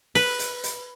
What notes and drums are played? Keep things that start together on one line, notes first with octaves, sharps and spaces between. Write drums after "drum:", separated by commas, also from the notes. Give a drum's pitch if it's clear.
B4, drum: open hi-hat
drum: hi-hat
drum: hi-hat